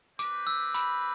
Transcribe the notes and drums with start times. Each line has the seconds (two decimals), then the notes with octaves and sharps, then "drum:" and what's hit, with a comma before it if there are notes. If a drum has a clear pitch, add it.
0.19 C4 G4 B4 D6, drum: tambourine
0.47 E6
0.75 B5, drum: tambourine